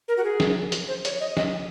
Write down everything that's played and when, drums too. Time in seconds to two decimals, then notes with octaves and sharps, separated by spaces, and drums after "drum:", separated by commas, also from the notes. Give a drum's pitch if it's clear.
0.08 A#4
0.17 F#4
0.24 G#4
0.40 drum: snare
0.72 drum: hi-hat
0.88 C5
1.05 C#5, drum: hi-hat
1.20 D#5
1.37 D#5, drum: snare